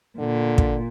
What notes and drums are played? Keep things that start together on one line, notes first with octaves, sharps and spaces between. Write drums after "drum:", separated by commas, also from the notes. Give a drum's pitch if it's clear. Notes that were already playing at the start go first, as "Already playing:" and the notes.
A#2 D3
drum: kick